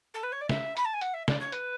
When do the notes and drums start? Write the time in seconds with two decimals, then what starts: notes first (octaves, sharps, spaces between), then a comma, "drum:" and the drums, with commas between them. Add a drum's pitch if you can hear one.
0.14 A4
0.23 B4
0.32 C#5
0.41 D5
0.49 E5, drum: snare
0.77 B5, drum: hi-hat
0.85 A5
0.94 G#5
1.01 F#5, drum: hi-hat
1.14 E5
1.28 D5, drum: snare
1.40 C#5
1.52 B4, drum: hi-hat